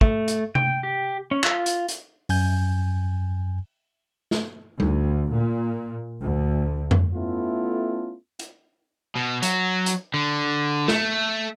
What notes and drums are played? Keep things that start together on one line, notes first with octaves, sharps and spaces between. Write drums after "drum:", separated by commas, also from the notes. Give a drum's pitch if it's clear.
A3, drum: kick
drum: hi-hat
G5, drum: tom C3
G4
C#4
F4, drum: clap
drum: hi-hat
drum: hi-hat
F#2 G#5 G6, drum: open hi-hat
drum: snare
D2, drum: tom G3
A#2
D2
drum: tom F2
A3 B3 C#4 E4 F4 A4
drum: hi-hat
B2
F#3, drum: hi-hat
drum: hi-hat
D3
A3, drum: snare